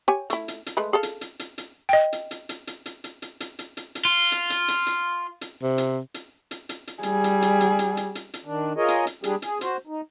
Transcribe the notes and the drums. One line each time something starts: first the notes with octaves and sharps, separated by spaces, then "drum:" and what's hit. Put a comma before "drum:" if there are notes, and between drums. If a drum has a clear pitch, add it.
G4 C#5 G#5
A3 E4, drum: hi-hat
drum: hi-hat
drum: hi-hat
G#3 A3 B4
G#4 A4 F5
drum: hi-hat
drum: hi-hat
drum: hi-hat
drum: hi-hat
D#5 G5
drum: hi-hat
drum: hi-hat
drum: hi-hat
drum: hi-hat
drum: hi-hat
drum: hi-hat
drum: hi-hat
drum: hi-hat
drum: hi-hat
drum: hi-hat
drum: hi-hat
F4
drum: hi-hat
drum: hi-hat
drum: hi-hat
drum: hi-hat
drum: hi-hat
C3
drum: hi-hat
drum: hi-hat
drum: hi-hat
drum: hi-hat
drum: hi-hat
G3 G#4, drum: hi-hat
drum: hi-hat
drum: hi-hat
drum: hi-hat
drum: hi-hat
drum: hi-hat
drum: hi-hat
drum: hi-hat
D#3 D4
F4 G#4 A#4 C#5 D#5
drum: hi-hat
drum: hi-hat
G3 D4 G4 G#4, drum: hi-hat
G#4, drum: hi-hat
F#4 C5, drum: hi-hat
D#4